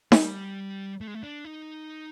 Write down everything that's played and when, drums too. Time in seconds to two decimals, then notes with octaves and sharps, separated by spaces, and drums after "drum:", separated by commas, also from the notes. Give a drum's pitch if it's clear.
0.12 G3, drum: snare D#4
1.01 A3
1.07 G#3
1.14 A3
1.23 D4
1.45 D#4